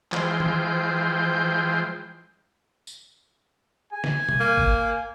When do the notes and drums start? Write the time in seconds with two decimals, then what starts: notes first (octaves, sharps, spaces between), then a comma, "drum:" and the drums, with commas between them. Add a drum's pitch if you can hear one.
0.12 E3 F3 G#3 C5 G5, drum: clap
0.40 drum: tom D#3
2.87 drum: tambourine
3.92 G#5
4.04 drum: snare
4.29 drum: tom B2
4.40 A#3
4.57 drum: kick